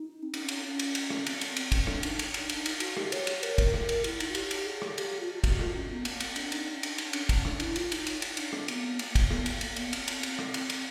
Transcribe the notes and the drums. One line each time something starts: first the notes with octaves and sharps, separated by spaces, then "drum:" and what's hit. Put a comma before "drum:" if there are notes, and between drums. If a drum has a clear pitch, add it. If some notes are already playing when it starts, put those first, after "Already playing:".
Already playing: D#4
C4
C#4, drum: cymbal
drum: cymbal
C#4
drum: cymbal
drum: cymbal
drum: rim click
C4, drum: cymbal
drum: cymbal
C4, drum: cymbal
C#4, drum: kick, cymbal
D4, drum: rim click
D#4, drum: cymbal
D4, drum: cymbal
drum: cymbal
D#4, drum: cymbal
D#4, drum: cymbal
F#4, drum: cymbal
G4, drum: rim click
C#5, drum: cymbal
drum: cymbal
A#4, drum: cymbal
A#4, drum: kick, cymbal
A#4, drum: rim click
drum: cymbal
E4, drum: cymbal
D#4, drum: cymbal
F#4
G4, drum: cymbal
drum: cymbal
G#4
A4, drum: rim click
G4, drum: cymbal
F4
F#4
drum: kick, cymbal
F4, drum: rim click
C#4
B3
A#3, drum: cymbal
C4, drum: cymbal
D4, drum: cymbal
D#4, drum: cymbal
C#4
D4, drum: cymbal
drum: cymbal
D4
C#4, drum: cymbal
drum: kick, cymbal
D4, drum: rim click
E4, drum: cymbal
F4, drum: cymbal
D#4, drum: cymbal
drum: cymbal
drum: cymbal
D4, drum: cymbal
C4, drum: rim click
B3, drum: cymbal
A#3, drum: cymbal
A#3, drum: kick, cymbal
B3, drum: rim click
drum: cymbal
A#3, drum: cymbal
B3, drum: cymbal
C4, drum: cymbal
drum: cymbal
drum: cymbal
drum: rim click
drum: cymbal
drum: cymbal